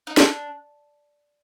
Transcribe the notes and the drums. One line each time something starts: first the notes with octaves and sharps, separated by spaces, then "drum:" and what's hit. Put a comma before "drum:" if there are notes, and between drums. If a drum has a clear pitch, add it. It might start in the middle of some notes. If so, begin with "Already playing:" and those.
D#4
D4, drum: snare